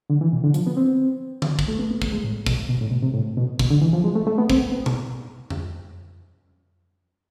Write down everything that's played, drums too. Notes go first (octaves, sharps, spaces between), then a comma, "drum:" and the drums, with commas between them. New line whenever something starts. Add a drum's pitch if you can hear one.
D3
E3
B2
D3
F3, drum: hi-hat
B3
C4
drum: tom D3
drum: kick
A3
B3
B3
A3, drum: kick
G#3
A2
B2, drum: kick
B2
A2
B2
C3
A2
B2
B2, drum: kick
D3
E3
F3
G#3
A3
A3
B3
C4, drum: kick
B3
drum: tom B2
drum: tom F2